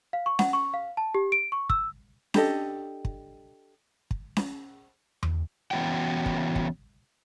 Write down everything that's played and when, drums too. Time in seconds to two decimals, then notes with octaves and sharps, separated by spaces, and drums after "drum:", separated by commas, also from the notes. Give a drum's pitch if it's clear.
0.13 F5
0.26 C#6
0.39 F#5, drum: snare C#4
0.53 C#6
0.74 F5
0.97 A5
1.15 G4
1.32 D7
1.52 C#6
1.70 E6, drum: kick
2.34 D4 G4 A4 D#5, drum: snare C#4
3.05 drum: kick
4.11 drum: kick
4.37 drum: snare C#4
5.23 drum: tom E2
5.71 E3 B3 C#4 F#4 G5
6.26 drum: kick
6.56 drum: kick